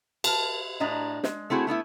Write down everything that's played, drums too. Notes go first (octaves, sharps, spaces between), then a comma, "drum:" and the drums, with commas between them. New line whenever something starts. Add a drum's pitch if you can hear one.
A#4 A5, drum: cymbal
A2 D4 D#5 A#5
G#3, drum: snare
A3 C4 E4 F#4 G#4
A3 B3 D#4 E4